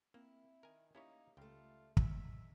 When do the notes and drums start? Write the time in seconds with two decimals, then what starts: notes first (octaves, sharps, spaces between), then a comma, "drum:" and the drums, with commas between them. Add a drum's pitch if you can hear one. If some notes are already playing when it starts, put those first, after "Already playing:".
0.14 A#3 C4 E4
0.63 D#3 A#4 G#5
0.95 A#3 C#4 D#4 E4 G4 C#5
1.37 C#2 G3 A3 F4 G5
1.97 F#3 G#3 E5, drum: kick